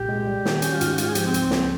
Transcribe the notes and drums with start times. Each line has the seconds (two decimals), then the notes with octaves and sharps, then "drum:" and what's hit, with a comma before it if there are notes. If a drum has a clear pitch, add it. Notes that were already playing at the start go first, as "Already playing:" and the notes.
Already playing: C2 A#2 G4
0.09 G#3
0.27 G3
0.45 D#3, drum: snare
0.62 C#4 G4, drum: hi-hat
0.74 F4
0.81 G#2, drum: hi-hat
0.86 G4
0.98 G#3 F4, drum: hi-hat
1.07 G#4
1.15 F3 G4, drum: hi-hat
1.25 C4
1.34 C#2, drum: hi-hat
1.51 C#2, drum: snare